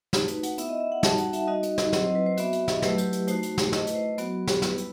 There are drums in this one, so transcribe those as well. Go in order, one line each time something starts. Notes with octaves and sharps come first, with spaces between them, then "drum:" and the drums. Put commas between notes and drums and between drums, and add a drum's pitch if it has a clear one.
A3 D#4 F#4, drum: snare
B4, drum: hi-hat
F#5, drum: hi-hat
B3 E4 E5, drum: hi-hat
D#5
E5
F#5
G3 D#4 F#4 A5, drum: snare
F#5, drum: hi-hat
E5, drum: hi-hat
G3 D#4 F#4 D#5
drum: hi-hat
drum: snare
F#3 C4 E4 D#5, drum: snare
C5
B4
C5
B3 F#4 E5, drum: hi-hat
drum: hi-hat
D#5, drum: snare
F#3 A3 E4 B4, drum: snare
G4, drum: hi-hat
drum: hi-hat
A3 D#4 F#4 C5, drum: hi-hat
drum: hi-hat
drum: snare
A3 E4 D#5, drum: snare
B4, drum: hi-hat
C5
F#3 B3 F#4, drum: hi-hat
drum: snare
G3 B3 E4 B4, drum: snare
drum: hi-hat